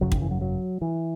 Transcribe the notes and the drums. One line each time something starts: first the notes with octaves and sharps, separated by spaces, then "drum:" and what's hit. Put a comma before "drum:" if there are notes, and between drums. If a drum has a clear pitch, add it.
G#1 F#2 C#3 F#3
D#3, drum: kick
E3
F#3
F#3
E3